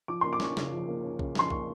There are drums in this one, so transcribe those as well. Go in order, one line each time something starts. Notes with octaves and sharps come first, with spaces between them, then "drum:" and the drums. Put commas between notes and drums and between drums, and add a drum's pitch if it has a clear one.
F3 D6
A#3 C6
D6
C#4 C#6, drum: snare
C#3, drum: snare
F3
A#3
C#4
C#3, drum: kick B1
F3 C6, drum: snare
A#3 C#6, drum: kick B1